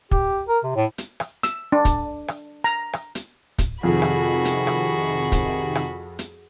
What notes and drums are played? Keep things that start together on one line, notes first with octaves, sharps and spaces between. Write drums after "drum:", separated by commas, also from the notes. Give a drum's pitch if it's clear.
G4, drum: kick
A#4
C3
A2
drum: hi-hat
drum: rim click
E6, drum: hi-hat
D4
drum: kick, hi-hat
drum: rim click
A#5
drum: rim click
drum: hi-hat
drum: kick, hi-hat
F2 C3 D#3 F#4 G#4 B5
drum: rim click
drum: hi-hat
drum: rim click
drum: kick, hi-hat
drum: rim click
drum: hi-hat